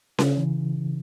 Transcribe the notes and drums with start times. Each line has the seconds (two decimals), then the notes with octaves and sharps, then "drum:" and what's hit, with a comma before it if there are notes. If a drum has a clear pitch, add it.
0.19 C#3, drum: snare C#4
0.38 E3